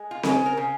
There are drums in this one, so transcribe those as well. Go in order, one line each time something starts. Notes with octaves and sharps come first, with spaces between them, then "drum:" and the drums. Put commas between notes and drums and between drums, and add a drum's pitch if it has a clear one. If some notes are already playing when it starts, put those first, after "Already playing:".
Already playing: G#3
F4
C#3 D#4, drum: snare C4
A#4
C#3